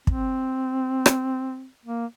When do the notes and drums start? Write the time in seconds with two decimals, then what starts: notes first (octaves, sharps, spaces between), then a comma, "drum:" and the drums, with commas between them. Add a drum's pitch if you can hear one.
0.07 C4, drum: kick
1.06 drum: rim click
1.85 A#3